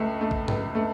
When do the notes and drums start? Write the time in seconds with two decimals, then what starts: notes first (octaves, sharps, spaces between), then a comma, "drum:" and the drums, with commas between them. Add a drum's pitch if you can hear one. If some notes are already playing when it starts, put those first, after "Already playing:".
Already playing: C#2 A3
0.21 A3
0.31 drum: kick
0.48 C#2, drum: tom G#2
0.75 A3